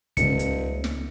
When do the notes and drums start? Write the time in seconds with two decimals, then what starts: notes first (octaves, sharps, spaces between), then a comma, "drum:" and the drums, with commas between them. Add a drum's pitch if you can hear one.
0.17 D#1 C#2 C#7, drum: kick, hi-hat
0.39 drum: hi-hat
0.84 drum: snare